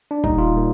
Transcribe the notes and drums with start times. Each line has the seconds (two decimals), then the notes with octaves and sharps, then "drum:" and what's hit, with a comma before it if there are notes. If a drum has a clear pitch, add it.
0.11 D4
0.24 A#2 G3 A#3 D#4, drum: kick
0.38 F4
0.54 A#2 G3 A#3